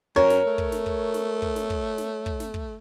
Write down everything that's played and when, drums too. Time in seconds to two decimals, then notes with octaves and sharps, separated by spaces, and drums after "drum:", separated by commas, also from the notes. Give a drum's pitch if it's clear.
0.16 F#2 A#4 C#5
0.30 drum: snare
0.47 A3
0.58 drum: kick
0.72 drum: snare
0.86 drum: kick
1.14 drum: snare
1.42 drum: kick
1.56 drum: snare
1.70 drum: kick
1.98 drum: snare
2.26 drum: kick
2.40 drum: snare
2.54 drum: kick